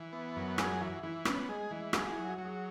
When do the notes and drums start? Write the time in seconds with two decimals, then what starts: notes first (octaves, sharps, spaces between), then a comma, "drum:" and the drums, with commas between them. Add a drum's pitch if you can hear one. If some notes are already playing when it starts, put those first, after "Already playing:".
Already playing: E3
0.13 B3
0.36 F#2
0.58 F#4 G#4, drum: rim click
0.80 E3 F#4
1.03 E3 E4
1.25 B3 C#4, drum: rim click
1.48 G#3 G#4
1.71 E3 G#3
1.93 F#4 G#4, drum: rim click
2.05 F#4
2.10 E4
2.16 F#3
2.28 F#4
2.38 F#3
2.44 G#4